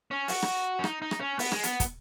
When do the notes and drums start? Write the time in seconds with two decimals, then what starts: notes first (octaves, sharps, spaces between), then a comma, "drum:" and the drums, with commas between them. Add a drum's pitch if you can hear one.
0.11 C#4
0.28 F#4, drum: open hi-hat
0.42 drum: rim click
0.79 C#4
0.84 D#4, drum: rim click
1.02 D#4
1.11 drum: rim click
1.20 C#4
1.39 B3, drum: open hi-hat
1.52 G#3, drum: rim click
1.63 B3, drum: hi-hat
1.80 drum: kick, hi-hat